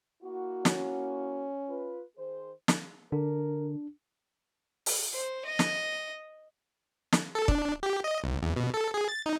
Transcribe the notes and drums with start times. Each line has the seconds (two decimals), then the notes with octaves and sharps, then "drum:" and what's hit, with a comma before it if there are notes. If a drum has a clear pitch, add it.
0.22 A#3 E4 F#4
0.65 C#4, drum: snare
1.68 F4 B4
2.17 D#3 G#4 C5
2.68 drum: snare
3.12 D3 D4 A#4
4.86 drum: open hi-hat
5.13 C5
5.46 D#5
5.59 drum: snare
7.13 drum: snare
7.35 A4
7.48 D4, drum: kick
7.83 G4
8.04 D#5
8.24 C2
8.43 E2
8.56 B2
8.74 A4
8.94 G#4
9.09 A6
9.26 D#4